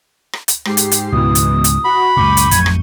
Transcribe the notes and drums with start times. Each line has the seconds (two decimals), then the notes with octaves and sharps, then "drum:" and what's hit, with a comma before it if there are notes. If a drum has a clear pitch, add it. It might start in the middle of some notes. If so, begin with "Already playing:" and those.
0.33 drum: rim click
0.48 drum: hi-hat
0.65 G#2 G4 C7, drum: rim click
0.77 drum: hi-hat
0.92 drum: hi-hat
1.12 C#2 G#2 B2 E3 D#6
1.35 drum: hi-hat
1.64 drum: hi-hat
1.84 F#4 B5
2.17 C#2 F#2 A#2 C#6 D6 G6 D#7
2.37 drum: hi-hat
2.51 A1 F2 F#3 G#6, drum: hi-hat
2.66 drum: rim click